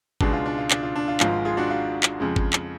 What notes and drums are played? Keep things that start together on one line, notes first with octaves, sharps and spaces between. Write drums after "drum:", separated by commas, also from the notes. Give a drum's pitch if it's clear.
C#2 B2 G#3 D4, drum: kick
F4
D4
F4
D4, drum: clap
F4
D4
F4
G#1 G#2 F3 G#3 F4, drum: clap
F4 G#4
D4 F#4
F4
drum: clap
F2 C#3 G#3
drum: kick
drum: clap